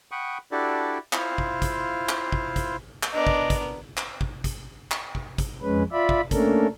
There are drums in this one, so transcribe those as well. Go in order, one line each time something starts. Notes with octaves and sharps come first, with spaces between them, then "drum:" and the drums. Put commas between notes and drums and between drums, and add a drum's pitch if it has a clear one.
F#5 G5 B5 C#6 D#6
D4 E4 F#4 G4 A4 D5
E4 F4 C5 F5, drum: clap
drum: kick
drum: kick, hi-hat
drum: clap
drum: kick
drum: kick, hi-hat
drum: clap
B3 D4 A#4 D5 D#5
drum: kick
drum: kick, hi-hat
drum: clap
drum: kick
drum: kick, hi-hat
drum: clap
drum: kick
drum: kick, hi-hat
F2 G#3 C#4 B4
F4 D5 E5 B5
drum: kick
A3 A#3 C#4 D4 A4 A#4, drum: kick, hi-hat